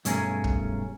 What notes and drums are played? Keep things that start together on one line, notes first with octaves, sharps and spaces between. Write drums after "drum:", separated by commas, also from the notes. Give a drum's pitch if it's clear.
B1 G2 A3 C#4 G#4 A#4, drum: hi-hat
drum: kick